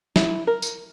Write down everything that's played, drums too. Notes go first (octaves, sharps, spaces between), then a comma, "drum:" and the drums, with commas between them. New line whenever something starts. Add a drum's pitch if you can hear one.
E4, drum: snare
A#4
drum: tambourine